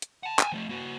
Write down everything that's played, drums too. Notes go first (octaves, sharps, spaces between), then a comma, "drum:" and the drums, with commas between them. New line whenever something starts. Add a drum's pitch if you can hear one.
drum: hi-hat
F#5 A5
G5 G#5, drum: clap
F3 A3
A#3 F#4